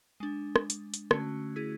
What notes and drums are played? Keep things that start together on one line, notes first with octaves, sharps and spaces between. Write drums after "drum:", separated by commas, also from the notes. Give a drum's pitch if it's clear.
G#3 D4
drum: rim click
drum: hi-hat
drum: hi-hat
D3 A3 C#4 F#4, drum: rim click
E4 G#4